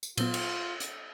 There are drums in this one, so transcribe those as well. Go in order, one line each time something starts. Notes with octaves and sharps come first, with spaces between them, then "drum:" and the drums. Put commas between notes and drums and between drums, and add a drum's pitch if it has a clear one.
drum: tambourine
A#2 F#3 B3 F4, drum: cymbal
drum: cymbal
drum: hi-hat